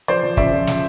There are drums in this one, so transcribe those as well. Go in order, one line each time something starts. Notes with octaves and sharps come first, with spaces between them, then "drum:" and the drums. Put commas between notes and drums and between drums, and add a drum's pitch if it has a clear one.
F3 C5 D5
F3
C#3 D5 E5, drum: kick
F3
drum: snare